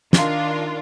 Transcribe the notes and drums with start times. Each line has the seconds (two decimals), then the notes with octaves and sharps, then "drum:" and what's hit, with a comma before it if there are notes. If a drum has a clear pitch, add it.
0.13 D#3 D4 F4 A#4, drum: snare